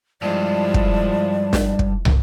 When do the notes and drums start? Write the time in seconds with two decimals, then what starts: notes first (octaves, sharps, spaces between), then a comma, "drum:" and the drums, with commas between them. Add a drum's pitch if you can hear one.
0.22 G2 F3 G#3 E4 D5
0.74 drum: kick
1.53 drum: snare
1.79 drum: kick
2.05 drum: tom